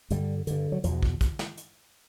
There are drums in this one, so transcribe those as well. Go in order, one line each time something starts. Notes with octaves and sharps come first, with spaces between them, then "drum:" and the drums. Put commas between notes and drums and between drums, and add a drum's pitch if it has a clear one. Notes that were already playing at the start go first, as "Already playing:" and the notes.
G2 D3 G3, drum: hi-hat
G2 D3, drum: hi-hat
F#3
E2 B2 F3, drum: hi-hat
drum: kick
drum: kick, hi-hat
drum: snare
drum: hi-hat